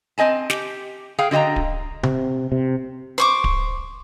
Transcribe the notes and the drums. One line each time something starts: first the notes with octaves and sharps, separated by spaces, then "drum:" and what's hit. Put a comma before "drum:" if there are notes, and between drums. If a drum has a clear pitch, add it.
C4 D#5 G#5 A5
G4, drum: snare
G#4 F5 G5
D3 F#4 D#5 G5 A#5
drum: kick D1
C3, drum: tom C3
C3
C5 C#6 D6
drum: kick D1